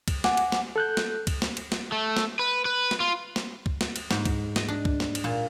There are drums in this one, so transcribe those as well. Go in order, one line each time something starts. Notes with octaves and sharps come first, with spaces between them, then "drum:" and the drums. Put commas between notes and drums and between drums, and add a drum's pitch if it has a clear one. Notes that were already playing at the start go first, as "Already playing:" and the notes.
drum: kick, cymbal
F#5 G#5 D6, drum: snare
drum: cymbal
drum: snare
A4 F#6 G6
drum: snare
drum: kick, cymbal
drum: snare
drum: cymbal
drum: snare
A3
drum: snare
B4
B4
drum: snare
F4
drum: snare
drum: kick
drum: snare
drum: cymbal
G#2, drum: snare
drum: kick, cymbal
D#5, drum: snare
D4
drum: kick
drum: snare
drum: cymbal
A#2